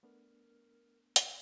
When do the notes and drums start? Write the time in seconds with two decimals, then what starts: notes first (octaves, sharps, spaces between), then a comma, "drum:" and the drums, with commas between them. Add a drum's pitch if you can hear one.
0.03 A3 B3 D4 A#4
1.16 drum: hi-hat